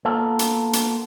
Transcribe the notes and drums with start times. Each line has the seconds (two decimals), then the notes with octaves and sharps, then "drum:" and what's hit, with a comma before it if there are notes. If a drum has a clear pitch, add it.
0.05 A#3 B3 F4 A4
0.39 drum: hi-hat
0.73 drum: hi-hat